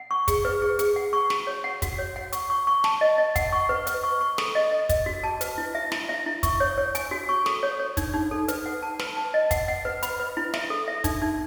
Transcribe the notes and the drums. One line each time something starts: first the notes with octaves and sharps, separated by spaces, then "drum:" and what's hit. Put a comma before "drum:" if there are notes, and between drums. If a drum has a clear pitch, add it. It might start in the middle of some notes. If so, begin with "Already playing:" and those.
Already playing: F#5
C#6
G#4, drum: kick, hi-hat
B4
G#4
G#4, drum: hi-hat
F#5
C#6
F#4, drum: snare
C#5
F#5
F#4, drum: kick, hi-hat
C#5
F#5
C#6, drum: hi-hat
C#6
C#6
A5, drum: snare
D#5
D#5
F#5, drum: kick, hi-hat
C#6
B4
B4, drum: hi-hat
C#6
C#6
A4, drum: snare
D#5
D#5
D#5, drum: kick, hi-hat
F#4
A5
B4, drum: hi-hat
E4
E5
E4, drum: snare
E5
E4
C#6, drum: kick, hi-hat
C#5
C#5
G#5, drum: hi-hat
F#4
C#6
A4, drum: snare
C#5
C#5
D#4, drum: kick, hi-hat
D#4
A4
B4, drum: hi-hat
F#5
A5
B4, drum: snare
A5
D#5
F#5, drum: kick, hi-hat
F#5
B4
B5, drum: hi-hat
B4
E4
E5, drum: snare
A4
E5
D#4, drum: kick, hi-hat
D#4